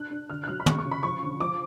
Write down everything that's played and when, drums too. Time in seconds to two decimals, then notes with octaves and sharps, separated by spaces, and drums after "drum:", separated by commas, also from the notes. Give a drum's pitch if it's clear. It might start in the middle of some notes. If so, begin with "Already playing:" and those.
Already playing: D4 F#6
0.11 D4
0.30 D3 F6
0.44 F#6
0.48 F#3 F6
0.60 B5
0.66 G#3 C#6, drum: tom
0.78 C#6
0.85 C#3
0.91 B5
1.03 F3 C#6
1.22 D3
1.40 F3 D6